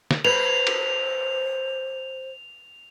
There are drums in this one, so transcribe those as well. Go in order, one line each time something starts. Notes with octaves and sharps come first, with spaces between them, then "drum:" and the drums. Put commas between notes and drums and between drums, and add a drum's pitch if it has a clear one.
drum: snare
B4 C5 F7, drum: cymbal
drum: cymbal